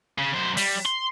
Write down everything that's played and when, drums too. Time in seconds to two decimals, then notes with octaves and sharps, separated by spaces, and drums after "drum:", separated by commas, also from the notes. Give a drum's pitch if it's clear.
0.18 C#3
0.34 F#2 C5
0.57 G3, drum: open hi-hat
0.86 C6